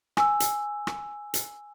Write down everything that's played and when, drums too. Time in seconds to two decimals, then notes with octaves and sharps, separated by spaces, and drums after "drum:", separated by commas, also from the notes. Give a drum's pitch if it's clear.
0.17 G#5 E6, drum: rim click
0.40 drum: hi-hat
0.87 drum: rim click
1.34 drum: hi-hat